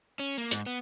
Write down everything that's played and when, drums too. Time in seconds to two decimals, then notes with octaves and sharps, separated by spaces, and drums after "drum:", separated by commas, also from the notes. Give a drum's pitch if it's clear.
0.20 C#4
0.38 A#3
0.51 G#2, drum: hi-hat
0.66 B3